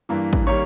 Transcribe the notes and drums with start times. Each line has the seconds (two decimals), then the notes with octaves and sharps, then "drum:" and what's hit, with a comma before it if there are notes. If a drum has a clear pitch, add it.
0.09 G2 E3 A#3
0.33 drum: kick A1
0.47 D#3 G3 A#3 C#5